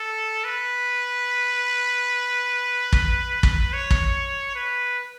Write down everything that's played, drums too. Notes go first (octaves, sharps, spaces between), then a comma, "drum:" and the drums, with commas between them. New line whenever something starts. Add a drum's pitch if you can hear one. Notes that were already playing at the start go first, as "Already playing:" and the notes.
Already playing: A4
B4
drum: kick
drum: kick
C#5
drum: kick
B4